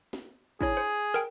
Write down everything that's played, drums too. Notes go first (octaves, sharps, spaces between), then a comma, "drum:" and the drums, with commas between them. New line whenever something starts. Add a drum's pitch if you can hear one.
drum: snare
D4 E4 G#4 C#5, drum: kick
C5
A#4 G5